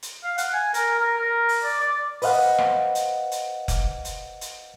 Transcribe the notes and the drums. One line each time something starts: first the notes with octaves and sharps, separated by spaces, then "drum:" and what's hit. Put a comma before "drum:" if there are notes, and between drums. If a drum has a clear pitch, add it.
drum: hi-hat
F5
F#5, drum: hi-hat
G#5
A#4, drum: hi-hat
A#4
A#4
drum: open hi-hat
D5
D5
B4 C5 D#5 F5 F#5, drum: open hi-hat
drum: rim click
drum: hi-hat
drum: hi-hat
drum: kick F1, hi-hat
drum: hi-hat
drum: hi-hat